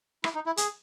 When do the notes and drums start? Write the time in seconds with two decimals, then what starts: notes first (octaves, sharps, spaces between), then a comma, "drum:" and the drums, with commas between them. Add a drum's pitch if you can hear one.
0.24 E4, drum: rim click
0.35 D#4
0.46 E4
0.57 G#4, drum: hi-hat